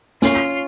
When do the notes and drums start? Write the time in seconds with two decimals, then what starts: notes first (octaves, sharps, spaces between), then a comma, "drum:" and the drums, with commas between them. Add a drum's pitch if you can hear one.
0.22 C#4 F4, drum: snare